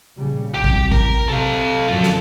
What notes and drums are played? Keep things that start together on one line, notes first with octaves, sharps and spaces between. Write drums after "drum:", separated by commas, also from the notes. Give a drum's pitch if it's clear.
A#1 C#3 G3
C2 G4
drum: kick A1
A#4, drum: kick A1
C3 A4 F5
F#2 D3 F4 A4
drum: snare